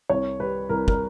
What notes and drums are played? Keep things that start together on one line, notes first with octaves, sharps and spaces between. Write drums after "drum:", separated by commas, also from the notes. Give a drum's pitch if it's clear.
C2 C#5
G3 B4
C2 A#4
A#4, drum: kick